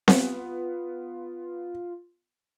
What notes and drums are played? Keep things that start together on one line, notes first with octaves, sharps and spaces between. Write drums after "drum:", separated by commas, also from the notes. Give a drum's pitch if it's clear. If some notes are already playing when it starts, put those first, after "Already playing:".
B3 F4, drum: snare C4